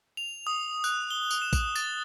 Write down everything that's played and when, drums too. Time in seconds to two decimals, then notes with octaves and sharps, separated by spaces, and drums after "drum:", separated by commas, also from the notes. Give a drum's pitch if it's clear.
0.17 F7
0.47 D#6
0.84 F#6, drum: tambourine
1.11 G7
1.30 D#6, drum: tambourine
1.42 E7
1.53 drum: kick A1, tambourine
1.76 A6, drum: tambourine